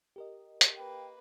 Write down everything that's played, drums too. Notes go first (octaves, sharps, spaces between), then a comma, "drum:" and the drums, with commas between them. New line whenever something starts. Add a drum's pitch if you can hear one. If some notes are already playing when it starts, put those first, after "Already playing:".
G4 A#4 D#5
drum: hi-hat
A#3 B4 G5